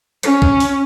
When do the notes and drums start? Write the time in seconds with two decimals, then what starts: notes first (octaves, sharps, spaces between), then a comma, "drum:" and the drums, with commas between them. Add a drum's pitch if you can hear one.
0.23 C#4, drum: hi-hat
0.42 drum: kick
0.60 drum: open hi-hat